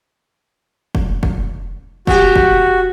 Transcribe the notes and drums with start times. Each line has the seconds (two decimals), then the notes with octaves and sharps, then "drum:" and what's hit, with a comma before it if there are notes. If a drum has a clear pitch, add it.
0.95 drum: kick
1.23 drum: kick
2.07 B3 F#4 G4, drum: kick
2.36 drum: kick